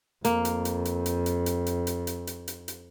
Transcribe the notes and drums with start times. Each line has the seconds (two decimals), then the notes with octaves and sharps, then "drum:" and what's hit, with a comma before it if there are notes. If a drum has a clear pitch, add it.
0.25 F2 A#3, drum: hi-hat
0.45 drum: hi-hat
0.65 drum: hi-hat
0.85 drum: hi-hat
1.06 drum: hi-hat
1.26 drum: hi-hat
1.46 drum: hi-hat
1.66 drum: hi-hat
1.87 drum: hi-hat
2.07 drum: hi-hat
2.27 drum: hi-hat
2.48 drum: hi-hat
2.68 drum: hi-hat